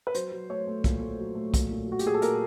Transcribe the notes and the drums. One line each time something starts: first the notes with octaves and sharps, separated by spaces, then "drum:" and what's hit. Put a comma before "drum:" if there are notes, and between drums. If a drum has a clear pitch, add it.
B4
F#3 C5, drum: hi-hat
F#3
A3 C#5
A3
A#2, drum: kick, hi-hat
A3
F#3
A3
A#2, drum: kick, hi-hat
A#2
F#3 F#4
G4, drum: hi-hat
A#2 G#4
A4
A#2 A#4, drum: hi-hat